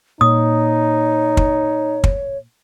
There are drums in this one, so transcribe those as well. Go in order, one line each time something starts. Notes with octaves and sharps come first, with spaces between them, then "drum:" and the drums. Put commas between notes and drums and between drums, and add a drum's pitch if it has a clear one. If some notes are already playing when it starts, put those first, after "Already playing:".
A#2 D#4 C#5 D#6
drum: kick
drum: kick